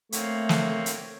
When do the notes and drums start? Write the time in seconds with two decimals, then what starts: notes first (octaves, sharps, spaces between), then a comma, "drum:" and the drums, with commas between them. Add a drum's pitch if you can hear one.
0.12 A3 A#3 C4 C#5, drum: hi-hat
0.49 drum: snare
0.86 drum: hi-hat